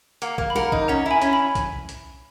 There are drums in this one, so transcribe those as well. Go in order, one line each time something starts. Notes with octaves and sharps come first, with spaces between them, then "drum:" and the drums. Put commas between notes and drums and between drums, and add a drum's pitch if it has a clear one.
A#3 F#5, drum: hi-hat
A#3, drum: kick B1
B5
A#4 F#5 A#5, drum: snare
D#4, drum: kick B1
C#4 F#5 A#5
E4
G#5 B5
C#4, drum: hi-hat
G#5 B5
drum: kick B1, hi-hat
drum: hi-hat